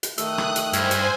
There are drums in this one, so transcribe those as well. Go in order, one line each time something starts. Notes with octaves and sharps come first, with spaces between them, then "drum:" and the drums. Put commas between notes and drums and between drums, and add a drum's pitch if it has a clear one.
drum: hi-hat
D#3 A3 D#6 E6 F#6, drum: hi-hat
drum: rim click
drum: hi-hat
G2 C5 G#5 E6 F6 G#6, drum: hi-hat
drum: hi-hat